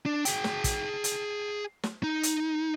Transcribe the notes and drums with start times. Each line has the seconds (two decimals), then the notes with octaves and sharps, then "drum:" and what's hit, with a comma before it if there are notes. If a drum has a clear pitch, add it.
0.06 D4
0.25 G#4 G5, drum: hi-hat
0.44 drum: snare
0.64 drum: kick, hi-hat
1.04 drum: hi-hat
1.83 drum: snare
2.03 D#4
2.23 drum: hi-hat